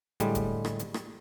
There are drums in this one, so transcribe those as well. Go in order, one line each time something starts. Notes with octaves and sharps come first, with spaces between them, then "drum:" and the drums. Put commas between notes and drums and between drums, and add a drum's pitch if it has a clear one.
A2 D3 G3 G#3, drum: hi-hat
drum: kick D1, hi-hat
drum: rim click
drum: hi-hat
drum: rim click